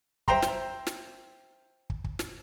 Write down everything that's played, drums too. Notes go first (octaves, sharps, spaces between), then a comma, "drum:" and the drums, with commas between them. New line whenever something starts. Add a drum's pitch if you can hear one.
C5 E5 G5 A#5 C6, drum: kick
drum: snare
drum: snare
drum: kick
drum: kick
drum: snare